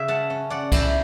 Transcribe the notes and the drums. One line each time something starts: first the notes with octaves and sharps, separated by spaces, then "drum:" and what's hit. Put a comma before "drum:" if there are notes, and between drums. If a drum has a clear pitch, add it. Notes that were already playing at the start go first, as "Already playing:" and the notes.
Already playing: C#3 E5
F#5 A5
C#4
D5 F#5
E4 E5 G5, drum: kick C2, cymbal